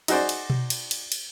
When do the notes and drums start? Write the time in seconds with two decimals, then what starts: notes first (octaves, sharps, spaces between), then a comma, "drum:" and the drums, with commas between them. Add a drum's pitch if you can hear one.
0.08 D#4 F#4 G#4 C5 D5, drum: cymbal
0.29 drum: cymbal
0.50 drum: tom B2
0.70 drum: cymbal
0.91 drum: cymbal
1.12 drum: cymbal